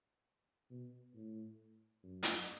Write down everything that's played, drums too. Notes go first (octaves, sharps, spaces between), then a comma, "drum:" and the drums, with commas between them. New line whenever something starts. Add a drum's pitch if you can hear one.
B2
A2
F#2
drum: hi-hat